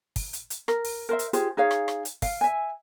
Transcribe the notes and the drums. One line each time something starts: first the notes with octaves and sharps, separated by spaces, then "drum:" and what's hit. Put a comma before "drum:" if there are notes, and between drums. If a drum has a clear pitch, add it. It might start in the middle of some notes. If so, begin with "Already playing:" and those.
drum: kick, open hi-hat
drum: hi-hat
drum: hi-hat
A#4, drum: rim click
drum: open hi-hat
A#4 C5 E5
drum: hi-hat
F4 G4 G#4 C5, drum: hi-hat
D#4 G#4 C#5 F5
drum: rim click
drum: rim click
drum: hi-hat
F5, drum: kick, open hi-hat
E5 G#5